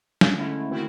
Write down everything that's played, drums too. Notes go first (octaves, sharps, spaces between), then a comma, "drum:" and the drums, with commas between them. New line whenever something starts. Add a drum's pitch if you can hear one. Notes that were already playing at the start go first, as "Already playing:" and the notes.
D3 G#3, drum: snare
D3 G#3 A3 C#4 E4
D3 D#3 A3 C4 E4 F#4